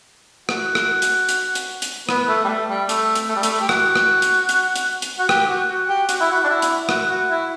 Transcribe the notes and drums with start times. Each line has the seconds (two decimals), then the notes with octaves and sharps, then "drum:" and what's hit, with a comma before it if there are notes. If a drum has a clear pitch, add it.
0.49 F#4, drum: rim click
0.75 drum: rim click
1.02 drum: hi-hat
1.29 drum: hi-hat
1.55 drum: hi-hat
1.82 drum: hi-hat
2.09 B3, drum: rim click
2.28 A3
2.44 G3
2.48 A3
2.68 G3
2.89 A3, drum: hi-hat
3.15 drum: hi-hat
3.29 A3
3.36 G3
3.43 A3, drum: hi-hat
3.61 G4
3.69 F#4, drum: rim click
3.95 drum: rim click
4.22 drum: hi-hat
4.49 drum: hi-hat
4.76 drum: hi-hat
5.02 drum: hi-hat
5.19 F#4
5.29 G4, drum: rim click
5.49 F#4
5.69 F#4
5.89 G4
6.09 F#4, drum: hi-hat
6.20 E4
6.31 F#4
6.44 D4
6.49 E4
6.62 drum: hi-hat
6.89 F#4, drum: rim click
7.09 F#4
7.29 E4